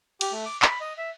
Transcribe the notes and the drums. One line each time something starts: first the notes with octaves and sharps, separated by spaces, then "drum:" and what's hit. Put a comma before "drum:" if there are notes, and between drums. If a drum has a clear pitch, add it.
G4, drum: cymbal
A3
D6
B5, drum: clap
D#5
E5